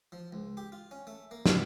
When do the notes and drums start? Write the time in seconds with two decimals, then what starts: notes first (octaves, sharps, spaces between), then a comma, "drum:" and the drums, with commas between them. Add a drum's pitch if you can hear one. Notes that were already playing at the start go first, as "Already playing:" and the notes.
0.12 F3
0.33 C#2
0.57 G4
0.72 F4
0.91 C#4
1.07 A3
1.31 A#3
1.46 B2, drum: snare